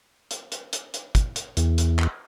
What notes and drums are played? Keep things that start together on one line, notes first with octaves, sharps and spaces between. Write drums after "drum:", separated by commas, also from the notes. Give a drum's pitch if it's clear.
drum: hi-hat
drum: hi-hat
drum: hi-hat
drum: hi-hat
drum: kick, hi-hat
drum: hi-hat
E2, drum: hi-hat
drum: hi-hat
drum: clap